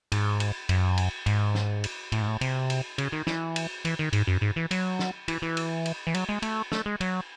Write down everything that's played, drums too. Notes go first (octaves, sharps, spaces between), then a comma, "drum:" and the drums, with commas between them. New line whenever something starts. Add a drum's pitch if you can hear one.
G#2, drum: cymbal
drum: cymbal
F#2, drum: cymbal
drum: cymbal
G#2, drum: cymbal
drum: snare
drum: cymbal
A2, drum: cymbal
G#2
A2
C3, drum: cymbal
drum: cymbal
C#3, drum: cymbal
D#3
E3, drum: snare
drum: cymbal
E3, drum: cymbal
D#3
G#2, drum: cymbal
F#2
G#2
E3
F#3, drum: cymbal
drum: snare
E3, drum: cymbal
E3
drum: cymbal
drum: cymbal
E3
F#3, drum: cymbal
G#3
A3, drum: cymbal
A3, drum: snare
G#3
F#3, drum: cymbal